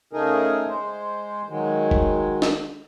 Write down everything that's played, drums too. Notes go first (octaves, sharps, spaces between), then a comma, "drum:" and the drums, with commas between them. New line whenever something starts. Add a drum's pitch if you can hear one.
C#3 A3 D#4 G#4 A#4
G#3 C5
D#3 F#3 G#3
drum: kick G1
drum: snare